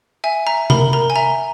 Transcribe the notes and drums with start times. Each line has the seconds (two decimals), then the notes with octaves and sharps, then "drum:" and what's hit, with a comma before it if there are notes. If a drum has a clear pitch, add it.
0.24 E5 G#5
0.47 E5 A#5
0.70 A#4 B5, drum: tom C3
0.93 A#4 A#5
1.10 G#5
1.16 E5 A#5